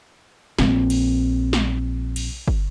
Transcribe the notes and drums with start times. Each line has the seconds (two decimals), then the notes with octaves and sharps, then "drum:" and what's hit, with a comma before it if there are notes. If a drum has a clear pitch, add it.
0.59 A#1 C4, drum: snare
0.90 drum: cymbal
1.53 drum: snare
2.16 drum: cymbal
2.48 drum: kick